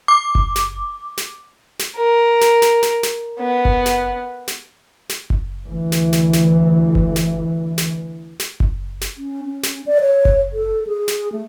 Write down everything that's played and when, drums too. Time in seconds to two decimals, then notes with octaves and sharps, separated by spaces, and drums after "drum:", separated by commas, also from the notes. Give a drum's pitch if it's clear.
0.08 D6
0.35 drum: kick F#1
0.56 drum: snare
1.18 drum: snare
1.79 drum: snare
1.97 A#4
2.41 drum: snare
2.62 drum: snare
2.83 drum: snare
3.03 drum: snare
3.40 B3
3.65 drum: kick F#1
3.86 drum: snare
4.48 drum: snare
5.09 drum: snare
5.30 drum: kick F#1
5.65 D2 E3
5.92 drum: snare
6.13 drum: snare
6.33 drum: snare
6.95 drum: kick F#1
7.16 drum: snare
7.78 drum: snare
8.40 drum: snare
8.60 drum: kick F#1
9.01 drum: snare
9.18 C#4
9.46 C#4
9.63 drum: snare
9.86 D5
10.01 C#5
10.25 drum: kick F#1
10.53 A4
10.87 G#4
11.08 drum: snare
11.32 A3